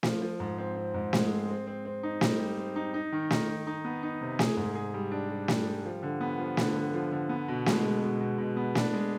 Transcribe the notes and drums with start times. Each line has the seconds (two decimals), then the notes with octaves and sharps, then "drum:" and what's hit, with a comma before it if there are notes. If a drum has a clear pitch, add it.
0.03 F3, drum: snare
0.22 F3
0.40 G#2
0.58 C4
0.76 C4
0.94 G#2
1.13 G#3, drum: snare
1.31 C4
1.49 C4
1.67 C4
1.85 C4
2.03 D#4
2.21 G3, drum: snare
2.39 G3
2.58 C4
2.76 D#4
2.94 D#4
3.12 D#3
3.30 D#4, drum: snare
3.49 D#3
3.67 D#4
3.85 B3
4.03 D#4
4.21 C3
4.39 G#4, drum: snare
4.57 G#2
4.75 G#4
4.94 G3
5.12 D4
5.30 G3
5.48 G3, drum: snare
5.66 G3
5.85 F3
6.03 D3
6.21 B3
6.39 F3
6.57 D3, drum: snare
6.76 D3
6.94 F3
7.12 D3
7.29 B3
7.48 B2
7.66 G#3, drum: snare
7.84 G#3
8.02 B2
8.21 B2
8.38 B2
8.57 B3
8.75 D4, drum: snare
8.93 G#3